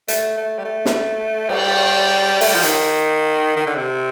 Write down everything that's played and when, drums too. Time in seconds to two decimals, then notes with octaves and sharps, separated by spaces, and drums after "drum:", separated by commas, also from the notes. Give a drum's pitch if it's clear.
0.08 A3, drum: hi-hat
0.37 A3
0.59 G3
0.65 A3
0.86 drum: snare
1.49 G3, drum: cymbal
2.41 A3, drum: open hi-hat
2.48 G3
2.55 F3
2.63 D#3, drum: hi-hat
3.56 D#3
3.67 D3
3.76 C3